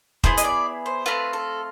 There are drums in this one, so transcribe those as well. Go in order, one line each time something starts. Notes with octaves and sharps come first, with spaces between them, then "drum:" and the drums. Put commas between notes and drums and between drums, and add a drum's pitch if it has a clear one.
B3 E4 G#4 C5, drum: kick
D#5, drum: hi-hat
D5
C5
A3 C4 F4 B4
A4